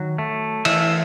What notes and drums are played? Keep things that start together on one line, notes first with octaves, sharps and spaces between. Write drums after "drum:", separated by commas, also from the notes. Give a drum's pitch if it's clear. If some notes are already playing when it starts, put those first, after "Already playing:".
Already playing: D#3 F#3
A3
E3 E5, drum: cymbal